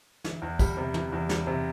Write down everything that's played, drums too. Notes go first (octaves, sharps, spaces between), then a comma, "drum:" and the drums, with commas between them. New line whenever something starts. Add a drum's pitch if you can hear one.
E3, drum: snare
E2
G3, drum: kick, tambourine
C3
E3, drum: tom
E2
G3, drum: snare
C3